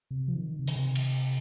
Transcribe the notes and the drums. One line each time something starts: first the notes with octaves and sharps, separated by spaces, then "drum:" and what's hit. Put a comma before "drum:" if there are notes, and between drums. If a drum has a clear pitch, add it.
C3
F3
D#3
C3
D#3, drum: hi-hat
C3
drum: cymbal